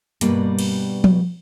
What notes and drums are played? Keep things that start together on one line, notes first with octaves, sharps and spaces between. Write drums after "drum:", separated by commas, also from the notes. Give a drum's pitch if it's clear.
G2 B2 G3 A#3 B4, drum: hi-hat
drum: cymbal
drum: tom F3